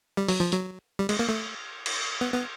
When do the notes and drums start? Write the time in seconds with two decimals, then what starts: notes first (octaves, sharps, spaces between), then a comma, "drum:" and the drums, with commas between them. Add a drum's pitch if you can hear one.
0.17 G3
0.28 F#3, drum: open hi-hat
0.40 F3
0.52 F#3, drum: hi-hat
0.99 G3
1.09 G#3, drum: cymbal
1.19 A#3
1.29 A3
1.86 drum: cymbal
2.21 B3
2.34 B3